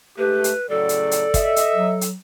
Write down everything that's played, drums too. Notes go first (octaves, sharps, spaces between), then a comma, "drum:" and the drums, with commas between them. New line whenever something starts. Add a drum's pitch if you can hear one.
G#2 A3 G4 B4
drum: hi-hat
A2 C#3 F#3 A4 D5
drum: hi-hat
drum: hi-hat
D#5 E5, drum: kick, hi-hat
drum: hi-hat
F#3
drum: hi-hat